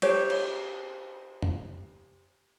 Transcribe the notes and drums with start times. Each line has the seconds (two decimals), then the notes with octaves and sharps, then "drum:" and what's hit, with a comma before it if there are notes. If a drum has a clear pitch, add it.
0.02 G4 C5 C#5, drum: cymbal
0.30 drum: cymbal
1.42 drum: tom F2